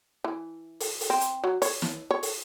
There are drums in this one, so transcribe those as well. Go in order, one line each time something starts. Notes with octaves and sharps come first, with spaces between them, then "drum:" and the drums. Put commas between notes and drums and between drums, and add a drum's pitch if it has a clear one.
E3
drum: open hi-hat
drum: open hi-hat
C4
drum: hi-hat
F#3
C#5, drum: open hi-hat
drum: snare
C#5
drum: open hi-hat